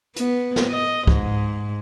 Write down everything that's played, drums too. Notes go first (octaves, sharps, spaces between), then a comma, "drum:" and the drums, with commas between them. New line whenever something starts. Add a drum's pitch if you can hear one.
B3, drum: hi-hat
drum: snare
D#5
G#2, drum: kick